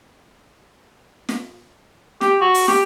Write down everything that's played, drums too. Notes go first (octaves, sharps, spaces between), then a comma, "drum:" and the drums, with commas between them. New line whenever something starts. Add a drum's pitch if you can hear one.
drum: snare
G4, drum: snare
F#4
drum: open hi-hat
G4, drum: snare